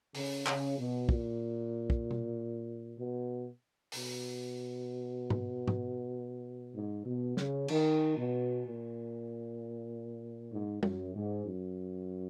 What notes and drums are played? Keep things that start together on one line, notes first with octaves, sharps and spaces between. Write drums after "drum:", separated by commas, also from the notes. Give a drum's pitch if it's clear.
C#3, drum: open hi-hat
C#3, drum: clap
B2
A#2, drum: kick
drum: kick
drum: tom B2
B2
B2, drum: open hi-hat
drum: tom G#2
drum: tom G#2
G#2
B2
C#3, drum: snare
D#3, drum: cymbal
B2
A#2
G#2
F#2, drum: tom
G#2
F#2